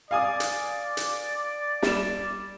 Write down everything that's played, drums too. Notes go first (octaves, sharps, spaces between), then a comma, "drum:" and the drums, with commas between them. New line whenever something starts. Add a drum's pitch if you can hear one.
D5 F5 G#5 D#6
drum: hi-hat
drum: hi-hat
G3 E7, drum: snare